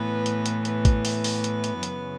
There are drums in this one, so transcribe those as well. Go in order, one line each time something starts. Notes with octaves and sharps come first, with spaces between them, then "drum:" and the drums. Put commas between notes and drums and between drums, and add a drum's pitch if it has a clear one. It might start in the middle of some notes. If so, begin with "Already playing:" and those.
Already playing: A2 E3 B3
drum: hi-hat
drum: hi-hat
B3, drum: hi-hat
drum: kick A1, hi-hat
drum: open hi-hat
drum: open hi-hat
drum: hi-hat
drum: hi-hat
F#2 C#3 E3, drum: hi-hat